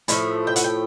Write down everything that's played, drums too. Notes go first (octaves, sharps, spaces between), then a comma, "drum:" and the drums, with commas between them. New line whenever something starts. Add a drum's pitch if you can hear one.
A2 F3 A3 E5, drum: hi-hat
G5
F#5, drum: hi-hat
G5